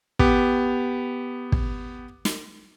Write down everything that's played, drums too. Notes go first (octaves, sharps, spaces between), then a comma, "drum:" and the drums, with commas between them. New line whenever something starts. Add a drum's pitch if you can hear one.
B3 G4, drum: kick
drum: kick
drum: snare